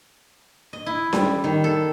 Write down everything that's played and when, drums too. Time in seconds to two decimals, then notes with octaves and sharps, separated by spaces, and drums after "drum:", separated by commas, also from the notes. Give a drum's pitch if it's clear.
0.73 D#5
0.86 E4
1.13 G3, drum: snare C#4
1.44 D#3
1.64 A4